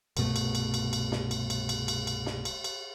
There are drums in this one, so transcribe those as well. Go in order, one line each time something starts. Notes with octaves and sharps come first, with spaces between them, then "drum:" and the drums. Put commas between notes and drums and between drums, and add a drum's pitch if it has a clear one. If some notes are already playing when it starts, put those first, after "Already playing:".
C2 G2 B2 A3, drum: cymbal
drum: cymbal
drum: cymbal
drum: cymbal
drum: cymbal
drum: snare
drum: cymbal
drum: cymbal
drum: cymbal
drum: cymbal
drum: cymbal
drum: snare
drum: cymbal
drum: cymbal